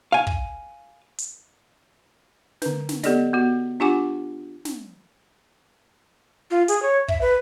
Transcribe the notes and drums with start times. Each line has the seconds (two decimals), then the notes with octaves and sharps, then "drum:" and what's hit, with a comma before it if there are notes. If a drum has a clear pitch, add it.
0.12 F5 G#5
0.27 drum: kick
1.18 drum: hi-hat
2.62 D3 B4, drum: snare
2.89 drum: snare
3.03 B3 G4 A4 D5 D#5, drum: snare
3.33 B3 F#4
3.80 D4 F4 G4 F#5 G#5 D6
4.65 drum: snare
6.51 F4
6.68 G#4, drum: hi-hat
6.82 C#5
7.08 E5, drum: kick
7.21 B4